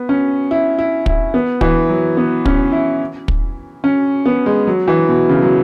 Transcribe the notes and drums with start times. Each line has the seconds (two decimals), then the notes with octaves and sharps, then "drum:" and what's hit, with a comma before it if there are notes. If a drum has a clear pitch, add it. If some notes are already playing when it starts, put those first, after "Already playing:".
Already playing: B3
0.09 C#4
0.51 E4
0.79 E4
1.06 E4, drum: kick
1.34 B3
1.61 E3, drum: kick
1.89 F#3
2.17 B3
2.45 C#4, drum: kick
2.72 E4
3.28 drum: kick
3.84 C#4
4.26 B3
4.46 G#3
4.67 F#3
4.88 E3
5.08 B2
5.29 C#3
5.42 F#3